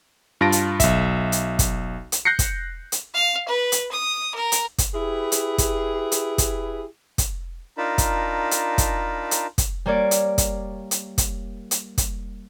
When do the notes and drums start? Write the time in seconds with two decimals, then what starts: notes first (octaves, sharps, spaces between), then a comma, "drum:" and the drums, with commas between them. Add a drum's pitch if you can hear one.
0.41 G2 F4 A5 A#6 D7
0.52 drum: hi-hat
0.80 B1 E5, drum: kick, hi-hat
1.32 drum: hi-hat
1.59 drum: kick, hi-hat
2.12 drum: hi-hat
2.25 F#6 G6 A#6 C7 C#7
2.39 drum: kick, hi-hat
2.92 drum: hi-hat
3.14 F5
3.48 B4
3.72 drum: hi-hat
3.92 D#6
4.35 A#4
4.52 drum: hi-hat
4.78 drum: kick, hi-hat
4.93 E4 G4 G#4 B4
5.32 drum: hi-hat
5.58 drum: kick, hi-hat
6.12 drum: hi-hat
6.38 drum: kick, hi-hat
7.18 drum: kick, hi-hat
7.78 D4 D#4 F4 A#4 A5 B5
7.98 drum: kick, hi-hat
8.51 drum: hi-hat
8.78 drum: kick, hi-hat
9.31 drum: hi-hat
9.58 drum: kick, hi-hat
9.86 G3 A#3 C#5 D5
10.11 drum: hi-hat
10.38 drum: kick, hi-hat
10.91 drum: hi-hat
11.18 drum: kick, hi-hat
11.71 drum: hi-hat
11.98 drum: kick, hi-hat